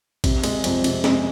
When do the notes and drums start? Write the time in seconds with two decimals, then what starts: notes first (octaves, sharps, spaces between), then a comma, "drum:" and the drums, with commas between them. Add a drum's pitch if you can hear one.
0.24 C3, drum: kick, cymbal
0.44 G#3, drum: cymbal
0.64 F2, drum: cymbal
0.84 C3, drum: cymbal
1.04 G#3, drum: snare